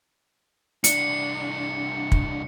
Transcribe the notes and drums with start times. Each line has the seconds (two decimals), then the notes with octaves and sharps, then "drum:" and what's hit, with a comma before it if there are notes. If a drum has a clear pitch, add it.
0.84 C2 D4 C#7, drum: hi-hat
2.12 drum: kick